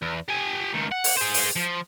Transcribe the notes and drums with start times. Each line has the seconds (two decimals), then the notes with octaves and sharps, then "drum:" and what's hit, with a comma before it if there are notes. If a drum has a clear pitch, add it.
0.02 E2
0.29 G4 G#5
0.74 C#2 D#3
0.92 F#5
1.04 drum: open hi-hat
1.17 G#4 C5
1.34 drum: open hi-hat
1.56 F3